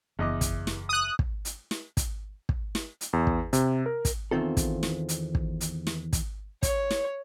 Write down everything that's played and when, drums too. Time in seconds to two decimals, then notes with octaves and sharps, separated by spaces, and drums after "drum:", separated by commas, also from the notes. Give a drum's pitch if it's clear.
0.19 F#1 E2 D#5 D6
0.41 drum: kick, hi-hat
0.67 drum: snare
0.89 D#6 F#6
1.19 drum: kick
1.45 drum: hi-hat
1.71 drum: snare
1.97 drum: kick, hi-hat
2.49 drum: kick
2.75 drum: snare
3.01 drum: hi-hat
3.13 E2
3.27 drum: kick
3.53 C3, drum: hi-hat
3.86 A#4
4.05 drum: kick, hi-hat
4.31 E2 G2 D#3 C4 F4 A4
4.57 drum: kick, hi-hat
4.83 drum: snare
5.09 drum: hi-hat
5.35 drum: kick
5.61 drum: hi-hat
5.87 drum: snare
6.13 drum: kick, hi-hat
6.63 C#5, drum: kick, hi-hat
6.91 drum: snare